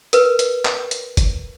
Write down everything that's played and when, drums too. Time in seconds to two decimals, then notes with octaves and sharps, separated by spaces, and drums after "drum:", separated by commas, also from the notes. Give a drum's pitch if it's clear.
0.13 A#4 B4, drum: hi-hat
0.39 drum: hi-hat
0.65 drum: clap
0.91 drum: hi-hat
1.17 drum: kick, hi-hat